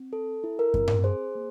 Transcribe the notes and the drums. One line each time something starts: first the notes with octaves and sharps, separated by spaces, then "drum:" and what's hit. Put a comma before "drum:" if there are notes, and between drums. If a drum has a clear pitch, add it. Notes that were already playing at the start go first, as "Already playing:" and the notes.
Already playing: C4
A4
E4
A#4
C4, drum: kick F#2
drum: tom G2
G#4 C5
A#3